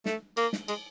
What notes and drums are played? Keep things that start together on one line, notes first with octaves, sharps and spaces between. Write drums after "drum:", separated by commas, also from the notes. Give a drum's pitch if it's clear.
A3, drum: snare
A#3, drum: cymbal
drum: snare
G#3, drum: cymbal